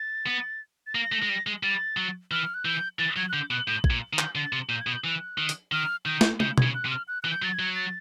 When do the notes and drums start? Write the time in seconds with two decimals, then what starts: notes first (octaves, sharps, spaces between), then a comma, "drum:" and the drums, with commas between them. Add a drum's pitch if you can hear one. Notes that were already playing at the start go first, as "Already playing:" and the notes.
Already playing: A6
0.27 B3
0.87 A6
0.94 A#3 A#6
1.12 A3
1.23 G#3
1.29 G3
1.47 G#3
1.63 G3 A6
1.97 F#3
2.31 E3 F6
2.54 F#6
2.65 E3 G6
2.99 E3 A6
3.16 F#3 G#6
3.29 F#6
3.33 D3 G6
3.50 B2 F#6
3.67 A2 G6
3.84 G#6, drum: kick
3.90 A#2
4.13 D#3
4.19 G6, drum: clap
4.35 D3 A6
4.53 C3
4.69 A#2 G6
4.81 G#6
4.87 B2
4.92 G6
5.04 E3 F#6
5.38 D#3
5.49 drum: hi-hat
5.72 D#3 F6
6.06 D#3 G6
6.21 drum: snare
6.40 C#3 G6, drum: tom
6.58 C#3 G#6, drum: tom B2
6.75 F#6
6.86 C3
6.91 F6
7.08 F#6
7.23 E3 F#6
7.31 G6
7.42 F#3 A6
7.54 G#6
7.59 F#3
7.76 A6